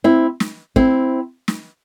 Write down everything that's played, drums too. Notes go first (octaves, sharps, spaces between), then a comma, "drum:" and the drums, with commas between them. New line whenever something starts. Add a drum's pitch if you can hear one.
C4 E4
drum: snare
C4 E4, drum: kick
drum: snare